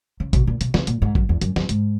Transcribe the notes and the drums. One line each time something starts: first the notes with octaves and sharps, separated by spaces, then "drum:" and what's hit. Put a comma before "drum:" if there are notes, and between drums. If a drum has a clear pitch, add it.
C#3
B2, drum: kick G#1, hi-hat
A#2
B2, drum: hi-hat
C#3, drum: snare
A#2, drum: hi-hat
G#2
F#2, drum: kick G#1
E2
F#2, drum: hi-hat
F#2, drum: snare
G#2, drum: hi-hat